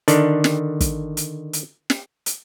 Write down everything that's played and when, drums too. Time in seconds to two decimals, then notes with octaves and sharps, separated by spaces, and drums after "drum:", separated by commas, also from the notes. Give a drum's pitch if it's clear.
0.08 D3 D#3 D4, drum: hi-hat
0.44 drum: snare
0.80 drum: kick, hi-hat
1.17 drum: hi-hat
1.53 drum: hi-hat
1.90 drum: snare
2.26 drum: hi-hat